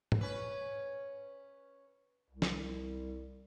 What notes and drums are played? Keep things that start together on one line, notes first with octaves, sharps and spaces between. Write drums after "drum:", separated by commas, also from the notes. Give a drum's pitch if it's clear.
drum: tom G#2
C#4 B4
C2
drum: snare